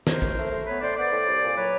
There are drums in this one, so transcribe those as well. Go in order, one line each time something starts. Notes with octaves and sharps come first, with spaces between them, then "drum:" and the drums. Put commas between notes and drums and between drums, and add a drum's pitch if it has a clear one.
D#2 A#4 C5, drum: snare
A3, drum: kick A1
A3
A3
B3 B4 C#5
A2 C5 D5
B3 C5 D5
A2
C2
A#2
F#3 B4 C#5